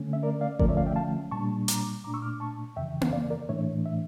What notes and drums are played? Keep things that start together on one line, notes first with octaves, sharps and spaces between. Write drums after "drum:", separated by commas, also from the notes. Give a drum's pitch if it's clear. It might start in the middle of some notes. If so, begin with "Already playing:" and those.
Already playing: D3 A3 C#4
E5
A#4 D5
D5 F5
D3 F3 A3 C#4 A#4 D5, drum: kick G#1
C#5 E5
D5 F5
E5 G5
F5 A5
A#2 G3 A#3 D4 A5 C#6
A#5 D6, drum: hi-hat
A#2 A3 D4 A#5 D6
C#6 E6
D6 F6
A5 C#6
F2 C#3 E3 E5 G5
drum: tom A#3
D5 F5
A#4 D5
A2 E3 A3 D4 C#5 E5
E5